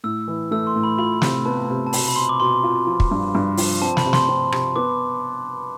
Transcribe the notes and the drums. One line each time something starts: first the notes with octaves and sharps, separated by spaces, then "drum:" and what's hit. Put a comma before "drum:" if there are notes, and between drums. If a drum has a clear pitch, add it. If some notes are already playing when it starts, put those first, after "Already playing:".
A2 E6
E3
A3 E6
C6
A2
B5
F4 B5
C3, drum: snare
B3 A5
C3
A5
B2 B5, drum: open hi-hat
B5
B2 C6
D6
B2 C6
F4
F3
drum: kick
G2
G2
F3, drum: open hi-hat
C4 A5
B5, drum: snare
C3
C6, drum: snare
C4
C3, drum: rim click
B3 D6